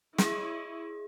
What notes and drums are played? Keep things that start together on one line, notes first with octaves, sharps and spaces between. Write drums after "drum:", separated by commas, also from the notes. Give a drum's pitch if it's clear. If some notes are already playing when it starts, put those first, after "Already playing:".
E4 G#4 C#5 D#5, drum: snare